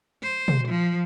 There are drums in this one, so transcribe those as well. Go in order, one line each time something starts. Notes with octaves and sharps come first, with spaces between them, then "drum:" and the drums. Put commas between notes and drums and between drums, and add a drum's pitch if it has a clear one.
C5
drum: tom
F3